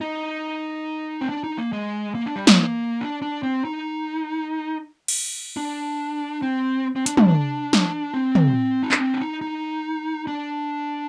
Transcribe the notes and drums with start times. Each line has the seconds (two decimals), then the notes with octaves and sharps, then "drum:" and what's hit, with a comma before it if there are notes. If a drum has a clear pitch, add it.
0.01 D#4
1.21 C4
1.29 D4
1.44 D#4
1.58 A#3
1.73 G#3
2.15 A#3
2.26 D4
2.36 G3
2.47 A#3, drum: snare
3.01 D4
3.22 D4
3.43 C4
3.65 D#4
5.08 drum: cymbal
5.57 D4
6.42 C4
6.96 C4
7.06 D4, drum: hi-hat
7.17 D4, drum: tom
7.28 D4
7.73 drum: snare
8.14 C4
8.35 drum: tom
8.83 D#4
8.91 D4, drum: clap
8.99 C4
9.14 D4
9.20 D#4
9.41 D#4
10.27 D4